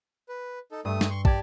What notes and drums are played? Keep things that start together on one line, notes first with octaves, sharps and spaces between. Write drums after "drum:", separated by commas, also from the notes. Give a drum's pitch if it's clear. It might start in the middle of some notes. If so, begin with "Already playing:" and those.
B4
D#4 A4
G2 A3 D#6
drum: snare
C6 C#6
G4 D5 A5 G#6, drum: kick